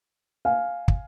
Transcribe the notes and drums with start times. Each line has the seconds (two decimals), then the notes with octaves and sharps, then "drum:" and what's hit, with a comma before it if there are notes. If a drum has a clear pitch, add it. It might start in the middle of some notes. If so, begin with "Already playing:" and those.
0.45 F5 G#5
0.88 drum: kick